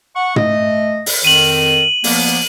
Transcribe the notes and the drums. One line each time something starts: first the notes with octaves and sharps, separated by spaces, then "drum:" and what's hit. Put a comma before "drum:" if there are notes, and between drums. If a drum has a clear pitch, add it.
F#5 C#6
A3 D#5, drum: tom
drum: open hi-hat
F2 D#3 D#7 F#7
F3 A#3 B3, drum: open hi-hat